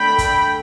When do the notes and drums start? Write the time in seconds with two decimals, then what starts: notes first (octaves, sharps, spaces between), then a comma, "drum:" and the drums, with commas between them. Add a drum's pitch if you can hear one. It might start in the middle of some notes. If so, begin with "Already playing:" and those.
Already playing: D3 A3 D4 G5 B5
0.18 drum: kick, hi-hat